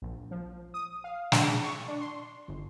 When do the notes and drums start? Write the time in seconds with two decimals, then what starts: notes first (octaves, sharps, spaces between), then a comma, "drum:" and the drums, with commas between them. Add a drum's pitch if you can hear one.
0.02 A#1
0.31 F3
0.74 D#6
1.04 F5
1.32 D4, drum: snare
1.64 C#6
1.88 D4
2.01 C6
2.48 G1